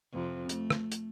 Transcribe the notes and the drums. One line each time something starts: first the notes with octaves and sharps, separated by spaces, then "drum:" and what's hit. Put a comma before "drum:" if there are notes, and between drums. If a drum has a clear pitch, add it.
F2 C3
A3, drum: hi-hat
drum: rim click
drum: hi-hat